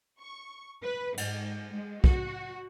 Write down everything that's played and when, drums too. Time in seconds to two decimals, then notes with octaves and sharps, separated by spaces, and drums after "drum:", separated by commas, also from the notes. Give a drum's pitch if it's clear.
0.19 C#6
0.83 B4
1.17 G#2, drum: cymbal
1.74 G#3
2.04 F#4, drum: kick B1